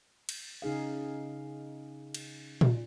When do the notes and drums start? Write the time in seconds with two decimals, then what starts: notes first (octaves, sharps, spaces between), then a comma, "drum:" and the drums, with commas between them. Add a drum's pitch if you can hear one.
0.29 drum: cymbal
0.62 C#3 D#4 G#4 F5
2.14 drum: cymbal
2.61 drum: tom A#2